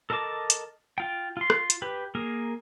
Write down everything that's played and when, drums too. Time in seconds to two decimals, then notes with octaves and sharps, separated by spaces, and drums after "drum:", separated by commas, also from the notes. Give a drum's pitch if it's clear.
0.10 A4 A#4 D#5 A5 D6
0.50 drum: hi-hat
0.98 F4 G5
1.37 F4 C6
1.50 drum: rim click
1.70 drum: hi-hat
1.82 G4 B4
2.15 A#3 G#4 A#4